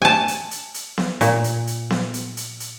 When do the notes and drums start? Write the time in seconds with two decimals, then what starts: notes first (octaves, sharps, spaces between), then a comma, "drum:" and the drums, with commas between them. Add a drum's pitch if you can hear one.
0.02 G#5 A5
0.28 drum: hi-hat
0.51 drum: hi-hat
0.74 drum: hi-hat
0.98 drum: snare B3
1.21 A#2, drum: hi-hat
1.44 drum: hi-hat
1.67 drum: hi-hat
1.90 drum: snare B3
2.14 drum: hi-hat
2.37 drum: hi-hat
2.60 drum: hi-hat